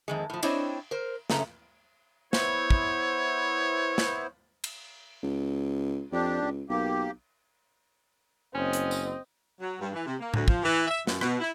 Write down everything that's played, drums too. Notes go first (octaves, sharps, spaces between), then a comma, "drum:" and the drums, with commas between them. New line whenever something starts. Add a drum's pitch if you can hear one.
F2 D#3 G#3
A2 F3
C4 D4 E4 C5 C#5 D#5, drum: cymbal
A#4 C5
F#2 C#3 A3 C#4 A#5, drum: snare
B3 E4 C5 C#5, drum: snare
drum: kick
drum: snare
drum: cymbal
C#2
F2 D4 G4
C#2
B1 A#3 G4
F#1 C4 C#4 D#5
drum: hi-hat
drum: tambourine
F#3
G2
E3
C3
A#3
D2, drum: tom A2
F3, drum: kick
E3
E5
F#2, drum: snare
B2, drum: rim click
E4